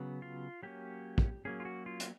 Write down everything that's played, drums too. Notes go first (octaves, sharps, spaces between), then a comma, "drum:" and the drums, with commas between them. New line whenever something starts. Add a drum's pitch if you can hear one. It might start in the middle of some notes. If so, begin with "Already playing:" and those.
Already playing: C#3 F#3 B3
F4
F#3 A#3 C#4 G4
drum: kick
F#3 A#3 C#4 G#4
F4
F#4
F4
drum: hi-hat